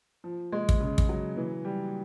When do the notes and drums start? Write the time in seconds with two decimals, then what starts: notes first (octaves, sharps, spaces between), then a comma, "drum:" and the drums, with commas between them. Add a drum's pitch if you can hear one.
0.24 F3
0.52 G#3
0.69 drum: kick
0.80 C#3
0.98 drum: kick
1.09 F#3
1.37 E3
1.65 G3